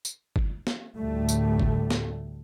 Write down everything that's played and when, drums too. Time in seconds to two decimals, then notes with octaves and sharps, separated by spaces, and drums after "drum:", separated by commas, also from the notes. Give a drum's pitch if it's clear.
0.05 drum: tambourine
0.36 drum: kick G1
0.67 drum: snare
0.98 D2 A2 G3 A3
1.29 drum: tambourine
1.60 drum: kick G1
1.91 drum: snare